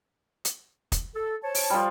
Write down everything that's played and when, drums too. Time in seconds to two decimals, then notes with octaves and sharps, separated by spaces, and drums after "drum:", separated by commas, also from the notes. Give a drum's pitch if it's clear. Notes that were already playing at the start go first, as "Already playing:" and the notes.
0.45 drum: hi-hat
0.92 drum: kick, hi-hat
1.16 A4
1.43 C5 C#5 A5
1.55 drum: open hi-hat
1.70 F3 G3